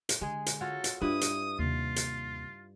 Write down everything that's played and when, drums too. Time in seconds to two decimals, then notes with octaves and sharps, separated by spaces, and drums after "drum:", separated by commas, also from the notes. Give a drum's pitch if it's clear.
0.09 drum: hi-hat
0.21 D3 G#3 G#4
0.46 drum: hi-hat
0.61 F4 F#4 A4 C#5
0.84 drum: hi-hat
1.01 G2 E4 F4 B4 D#6
1.21 drum: hi-hat
1.59 D#2 C3 F4
1.96 drum: hi-hat